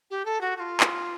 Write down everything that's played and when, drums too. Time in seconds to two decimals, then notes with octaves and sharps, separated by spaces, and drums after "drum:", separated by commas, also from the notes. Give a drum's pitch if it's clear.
0.11 G4
0.25 A4
0.41 F#4
0.57 F#4
0.60 F4
0.80 drum: clap